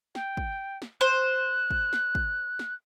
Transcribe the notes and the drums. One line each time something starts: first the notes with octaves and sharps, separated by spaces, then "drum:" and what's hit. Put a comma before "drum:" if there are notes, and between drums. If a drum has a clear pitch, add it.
G5, drum: snare
drum: kick
drum: snare
C5 F#6
drum: kick
drum: snare
drum: kick
drum: snare